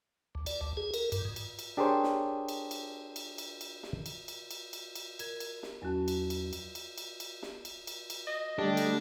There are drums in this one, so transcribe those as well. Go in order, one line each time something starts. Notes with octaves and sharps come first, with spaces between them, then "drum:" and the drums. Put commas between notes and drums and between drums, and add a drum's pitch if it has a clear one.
D2
D5, drum: cymbal
D2
G#4
A#4, drum: cymbal
G2, drum: cymbal
G#2
drum: cymbal
drum: cymbal
D4 G4 G#4 A#4 C5 C#5
drum: snare
drum: cymbal
drum: cymbal
drum: cymbal
drum: cymbal
drum: cymbal
drum: snare
drum: cymbal
drum: cymbal
drum: cymbal
drum: cymbal
drum: cymbal
A#4 G#6, drum: cymbal
drum: cymbal
drum: snare
E2 F#3 C#4 F#4 A5
drum: cymbal
drum: cymbal
drum: cymbal
drum: cymbal
drum: cymbal
drum: cymbal
drum: snare
drum: cymbal
drum: cymbal
drum: cymbal
D#5
D3 G3 A3 D4 G4
drum: cymbal